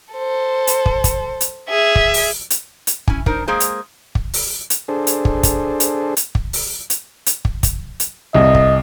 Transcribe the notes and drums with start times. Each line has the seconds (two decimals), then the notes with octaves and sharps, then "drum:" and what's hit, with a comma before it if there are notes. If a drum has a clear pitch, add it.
0.14 A4 C5
0.67 drum: hi-hat
0.86 drum: kick
1.04 drum: kick, hi-hat
1.41 drum: hi-hat
1.69 G#4 E5
1.95 drum: kick
2.14 drum: open hi-hat
2.50 drum: hi-hat
2.87 drum: hi-hat
3.08 C#4 E4 G#5, drum: kick
3.26 D4 D#4 A#4 C5, drum: kick
3.48 G#3 A#3 G#4 C5
3.60 drum: hi-hat
4.15 drum: kick
4.33 drum: open hi-hat
4.70 drum: hi-hat
4.88 D4 G#4 A4 C5
5.07 drum: hi-hat
5.25 drum: kick
5.43 drum: kick, hi-hat
5.80 drum: hi-hat
6.17 drum: hi-hat
6.35 drum: kick
6.53 drum: open hi-hat
6.90 drum: hi-hat
7.26 drum: hi-hat
7.45 drum: kick
7.63 drum: kick, hi-hat
8.00 drum: hi-hat
8.35 C2 D#5
8.55 drum: kick